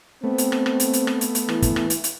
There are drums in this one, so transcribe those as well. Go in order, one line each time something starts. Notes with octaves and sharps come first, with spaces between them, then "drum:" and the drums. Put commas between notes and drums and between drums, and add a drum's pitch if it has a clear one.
A3 B3 C4
drum: hi-hat
drum: rim click
drum: rim click
drum: hi-hat
drum: hi-hat
drum: rim click
drum: hi-hat
drum: hi-hat
E3, drum: rim click
drum: kick, hi-hat
drum: rim click
drum: hi-hat
drum: hi-hat